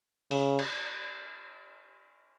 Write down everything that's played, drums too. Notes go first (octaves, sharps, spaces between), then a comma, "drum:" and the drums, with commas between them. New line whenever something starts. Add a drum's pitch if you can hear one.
C#3, drum: open hi-hat
drum: cymbal